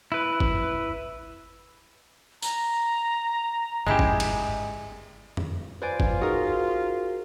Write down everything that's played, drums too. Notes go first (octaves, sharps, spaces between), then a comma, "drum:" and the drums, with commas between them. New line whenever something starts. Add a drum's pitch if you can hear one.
E4 B4
drum: kick G1
A#5, drum: tambourine
G1 G#2 C#3 G#3 E4 G4 D#5 G#5
drum: kick G1
drum: cymbal
drum: tom F2
F4 B4 C5 D5 G#5
drum: kick G1
D#4 F#4 G#4 A#4